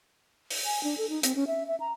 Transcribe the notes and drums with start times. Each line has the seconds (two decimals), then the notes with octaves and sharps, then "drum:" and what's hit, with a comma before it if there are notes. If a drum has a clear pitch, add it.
0.51 drum: open hi-hat
0.66 G#5
0.84 D4
0.98 A4
1.10 D#4
1.23 C4, drum: hi-hat
1.35 C#4
1.47 E5
1.68 E5
1.80 A#5